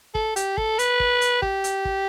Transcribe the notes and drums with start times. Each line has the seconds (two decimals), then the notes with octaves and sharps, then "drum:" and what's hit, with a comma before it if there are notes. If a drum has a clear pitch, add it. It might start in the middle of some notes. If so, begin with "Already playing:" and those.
0.15 A4, drum: kick
0.36 G4, drum: hi-hat
0.58 A4, drum: kick
0.79 B4, drum: hi-hat
1.00 drum: kick
1.21 drum: hi-hat
1.42 G4, drum: kick
1.64 drum: hi-hat
1.85 drum: kick